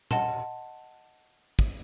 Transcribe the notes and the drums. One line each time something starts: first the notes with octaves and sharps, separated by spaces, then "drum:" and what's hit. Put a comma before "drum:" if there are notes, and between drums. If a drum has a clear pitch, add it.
D#5 F#5 A5 C6, drum: tom A#2
drum: kick